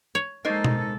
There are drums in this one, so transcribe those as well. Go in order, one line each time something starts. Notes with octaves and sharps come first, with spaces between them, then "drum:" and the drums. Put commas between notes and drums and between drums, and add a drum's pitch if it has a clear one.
C#5
G#3 A#3 D#4 A4 C5
drum: tom B2